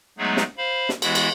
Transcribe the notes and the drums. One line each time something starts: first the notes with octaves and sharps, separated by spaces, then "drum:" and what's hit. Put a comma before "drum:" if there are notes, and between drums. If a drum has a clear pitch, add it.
F#3 G#3 A3 B3 D#4 G#4
drum: snare
C5 F5 B5
drum: snare
E3 G#3 B3 E4 F#4, drum: cymbal
drum: cymbal